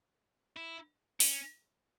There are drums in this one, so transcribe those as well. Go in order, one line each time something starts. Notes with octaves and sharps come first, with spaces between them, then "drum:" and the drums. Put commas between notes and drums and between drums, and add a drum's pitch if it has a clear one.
E4
C#4, drum: open hi-hat